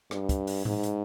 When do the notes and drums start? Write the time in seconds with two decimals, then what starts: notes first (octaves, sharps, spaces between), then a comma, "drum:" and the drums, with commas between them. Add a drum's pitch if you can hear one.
0.11 G2, drum: rim click
0.29 drum: kick, hi-hat
0.47 drum: open hi-hat
0.65 G#2, drum: tom A2
0.83 drum: hi-hat